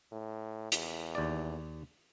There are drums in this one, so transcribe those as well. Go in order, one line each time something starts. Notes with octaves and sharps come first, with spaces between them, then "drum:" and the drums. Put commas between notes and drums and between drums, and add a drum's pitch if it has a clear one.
A2
E2, drum: hi-hat
D#2 D5